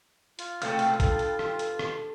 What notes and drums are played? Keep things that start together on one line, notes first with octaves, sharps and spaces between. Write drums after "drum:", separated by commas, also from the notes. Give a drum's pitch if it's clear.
F4, drum: hi-hat
B2 A3 A4 F5 F6, drum: hi-hat
drum: hi-hat
G2 A4, drum: kick A#1, hi-hat
drum: hi-hat
drum: rim click
drum: hi-hat
drum: rim click